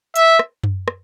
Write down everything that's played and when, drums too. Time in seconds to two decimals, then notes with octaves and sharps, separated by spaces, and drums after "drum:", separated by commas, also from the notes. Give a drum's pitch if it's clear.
0.16 E5, drum: hi-hat
0.39 drum: rim click
0.63 drum: tom F#2
0.88 drum: rim click